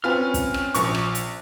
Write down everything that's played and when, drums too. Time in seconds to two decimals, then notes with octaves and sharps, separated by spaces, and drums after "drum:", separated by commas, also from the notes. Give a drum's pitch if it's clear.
0.04 C4 C#4 F4 B4 G#5 F6
0.34 drum: kick, hi-hat
0.54 drum: rim click
0.74 A#1 C#6, drum: hi-hat
0.95 drum: rim click
1.15 drum: hi-hat